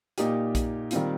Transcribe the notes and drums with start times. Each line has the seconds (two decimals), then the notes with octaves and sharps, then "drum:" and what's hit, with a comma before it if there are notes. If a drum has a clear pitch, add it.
0.18 A#2 A#3 D#4 G4, drum: hi-hat
0.55 drum: kick A#1, hi-hat
0.91 D#3 G3 C4 F4, drum: hi-hat